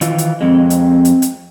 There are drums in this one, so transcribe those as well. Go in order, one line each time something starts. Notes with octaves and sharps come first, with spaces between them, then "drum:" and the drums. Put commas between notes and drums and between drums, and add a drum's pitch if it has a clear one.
D#3 E3 F4, drum: hi-hat
drum: hi-hat
F2 G#3 C4
drum: hi-hat
drum: hi-hat
drum: hi-hat